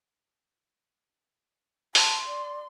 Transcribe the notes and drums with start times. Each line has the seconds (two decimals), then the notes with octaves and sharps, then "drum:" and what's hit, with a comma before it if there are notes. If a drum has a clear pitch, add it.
1.95 A5 C6, drum: open hi-hat
2.27 D5